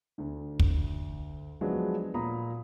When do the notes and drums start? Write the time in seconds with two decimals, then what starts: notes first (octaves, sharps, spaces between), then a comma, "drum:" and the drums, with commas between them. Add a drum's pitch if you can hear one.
0.18 D2 D3
0.60 drum: kick
1.61 F3 F#3 G#3 B3 D4
2.14 A#2 A#5 B5 D#6